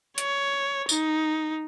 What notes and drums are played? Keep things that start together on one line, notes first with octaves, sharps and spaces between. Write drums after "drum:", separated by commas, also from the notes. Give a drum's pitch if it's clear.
C#5, drum: hi-hat
D#4, drum: tambourine